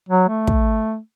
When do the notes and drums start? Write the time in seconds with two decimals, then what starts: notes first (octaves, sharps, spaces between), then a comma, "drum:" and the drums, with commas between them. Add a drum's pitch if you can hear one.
0.09 F#3
0.28 A3
0.47 drum: kick